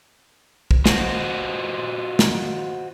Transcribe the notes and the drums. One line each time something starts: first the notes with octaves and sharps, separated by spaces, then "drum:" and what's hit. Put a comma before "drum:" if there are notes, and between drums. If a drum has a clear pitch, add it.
drum: kick
F4 F#4 C5 D#5, drum: snare
drum: snare